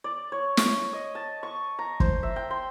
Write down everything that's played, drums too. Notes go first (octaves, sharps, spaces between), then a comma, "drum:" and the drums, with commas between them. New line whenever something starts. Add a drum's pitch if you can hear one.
D5
C#5
C#6, drum: snare
D#5
A5
C#6
A#5
C5, drum: kick
E5
G5
C6